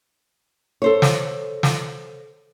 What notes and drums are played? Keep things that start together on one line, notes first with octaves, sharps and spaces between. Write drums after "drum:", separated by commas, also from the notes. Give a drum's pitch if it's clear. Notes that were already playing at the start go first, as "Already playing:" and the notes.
A4 C5 C#5
drum: snare
drum: snare